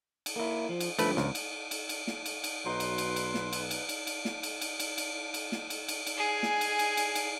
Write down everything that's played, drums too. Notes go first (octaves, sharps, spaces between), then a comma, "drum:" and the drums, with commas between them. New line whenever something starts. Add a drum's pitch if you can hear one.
drum: cymbal
A#3 E4
F3
drum: cymbal
G2 D3 F3 A3 B4, drum: cymbal
C#2, drum: snare
drum: cymbal
drum: cymbal
drum: cymbal
drum: snare
drum: cymbal
drum: cymbal
B1 F#3 D#4 B4 C6
drum: cymbal
drum: cymbal
drum: cymbal
drum: snare
drum: cymbal
drum: cymbal
drum: cymbal
drum: cymbal
drum: snare
drum: cymbal
drum: cymbal
drum: cymbal
drum: cymbal
drum: cymbal
drum: snare
drum: cymbal
drum: cymbal
drum: cymbal
G#4 G#5
drum: snare
drum: cymbal
drum: cymbal
drum: cymbal
drum: cymbal